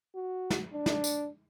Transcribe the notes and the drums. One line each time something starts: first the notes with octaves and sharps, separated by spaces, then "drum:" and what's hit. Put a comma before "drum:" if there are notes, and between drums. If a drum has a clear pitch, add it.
F#4
drum: snare
D4
drum: snare
drum: tambourine